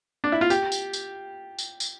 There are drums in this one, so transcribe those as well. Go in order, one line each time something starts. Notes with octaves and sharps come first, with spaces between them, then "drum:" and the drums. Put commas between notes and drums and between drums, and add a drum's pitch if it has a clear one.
D4
E4
F4
G4, drum: tambourine
drum: tambourine
drum: tambourine
drum: tambourine
drum: tambourine